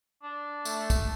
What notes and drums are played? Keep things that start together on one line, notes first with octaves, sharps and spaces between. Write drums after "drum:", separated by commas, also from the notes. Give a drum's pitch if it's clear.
D4
A3, drum: tambourine
drum: kick, tambourine